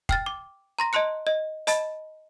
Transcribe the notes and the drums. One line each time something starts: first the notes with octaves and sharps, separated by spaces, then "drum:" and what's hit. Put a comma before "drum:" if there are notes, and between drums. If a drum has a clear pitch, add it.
G5 F6 A6, drum: kick F1
D6
A#5 C6 A#6
D#5 A5 C6 F#6 C#7
D#5
D#5 A5 B5 A6, drum: hi-hat